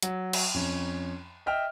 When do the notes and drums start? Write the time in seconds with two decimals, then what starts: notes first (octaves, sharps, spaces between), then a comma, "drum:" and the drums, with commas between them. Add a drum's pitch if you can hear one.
0.03 F#3, drum: hi-hat
0.33 drum: cymbal
0.54 F2 C#4
1.46 D#5 E5 G5 F6